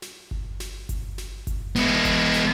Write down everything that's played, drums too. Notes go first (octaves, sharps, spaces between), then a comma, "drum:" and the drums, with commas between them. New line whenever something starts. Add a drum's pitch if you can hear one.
drum: snare
drum: kick G1
drum: snare
drum: kick G1, hi-hat
drum: snare
drum: kick G1, hi-hat
G#3 B3, drum: snare
drum: kick G1, hi-hat
drum: snare